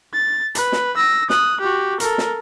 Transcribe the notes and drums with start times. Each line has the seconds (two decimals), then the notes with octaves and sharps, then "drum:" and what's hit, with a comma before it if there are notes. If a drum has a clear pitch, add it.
0.13 A6
0.55 B4, drum: hi-hat
0.72 drum: snare
0.97 E6 A#6
1.30 D#6 F#6, drum: snare
1.60 F#4 G4
2.00 A4 A#4, drum: hi-hat
2.18 drum: snare